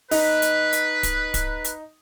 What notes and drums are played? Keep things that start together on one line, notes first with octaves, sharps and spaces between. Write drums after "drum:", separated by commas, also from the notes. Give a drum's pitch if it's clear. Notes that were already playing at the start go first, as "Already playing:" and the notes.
D#4 B4, drum: open hi-hat
drum: hi-hat
drum: hi-hat
drum: kick D1, hi-hat
drum: kick D1, hi-hat
drum: hi-hat